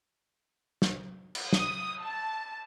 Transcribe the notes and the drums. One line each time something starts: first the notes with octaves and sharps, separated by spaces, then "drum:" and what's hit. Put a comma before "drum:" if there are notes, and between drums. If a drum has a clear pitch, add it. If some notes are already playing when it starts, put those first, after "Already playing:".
drum: snare
drum: cymbal
D#6, drum: snare
A5